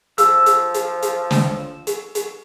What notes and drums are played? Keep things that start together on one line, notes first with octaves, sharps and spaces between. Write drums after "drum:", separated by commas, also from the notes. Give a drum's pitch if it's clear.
F3 E6, drum: hi-hat
drum: hi-hat
drum: hi-hat
drum: hi-hat
drum: snare
drum: hi-hat
drum: hi-hat